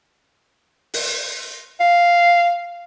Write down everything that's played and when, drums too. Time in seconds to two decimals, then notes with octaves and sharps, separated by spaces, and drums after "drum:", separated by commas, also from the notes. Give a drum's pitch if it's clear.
0.94 drum: open hi-hat
1.80 F5